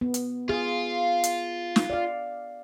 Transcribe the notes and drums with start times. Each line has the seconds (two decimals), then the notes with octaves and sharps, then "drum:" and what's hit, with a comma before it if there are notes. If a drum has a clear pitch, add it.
0.01 B3
0.14 drum: hi-hat
0.49 F4 G#4
1.24 drum: hi-hat
1.76 drum: snare
1.90 D5 F5